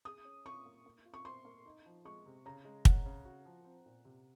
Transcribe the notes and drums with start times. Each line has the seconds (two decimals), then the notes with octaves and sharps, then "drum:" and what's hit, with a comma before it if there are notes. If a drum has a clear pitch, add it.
0.05 G#4 D#6
0.25 C#4
0.45 F4 C#6
0.66 A#3
0.86 A#3
1.05 F4
1.14 C#6
1.25 C5 C6
1.45 A#3
1.66 D#4
1.86 F3
2.05 G#3 C#6
2.26 C3
2.45 C#3 A#5
2.65 G#3
2.85 C#4 F#5, drum: kick
3.06 C#3
3.25 F#4
3.45 F3
3.65 C4
3.86 A#2
4.05 C3